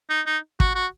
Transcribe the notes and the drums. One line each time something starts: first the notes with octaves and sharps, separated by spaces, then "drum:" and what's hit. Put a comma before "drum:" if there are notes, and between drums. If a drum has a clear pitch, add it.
D#4
D#4
F#4, drum: kick
F#4